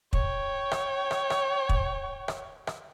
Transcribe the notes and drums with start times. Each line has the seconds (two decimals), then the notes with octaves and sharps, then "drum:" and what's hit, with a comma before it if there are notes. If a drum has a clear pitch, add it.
0.13 C#5 G5, drum: kick
0.72 drum: rim click
1.11 drum: rim click
1.30 drum: rim click
1.69 drum: kick
2.28 drum: rim click
2.67 drum: rim click